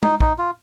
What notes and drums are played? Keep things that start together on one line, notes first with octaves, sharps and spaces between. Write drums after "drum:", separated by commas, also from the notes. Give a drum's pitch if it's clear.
D#4, drum: tom
D#4, drum: kick
F4